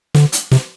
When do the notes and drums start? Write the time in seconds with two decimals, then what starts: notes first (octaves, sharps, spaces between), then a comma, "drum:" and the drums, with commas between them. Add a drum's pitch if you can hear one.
0.14 D3, drum: snare
0.32 drum: hi-hat
0.51 C3, drum: snare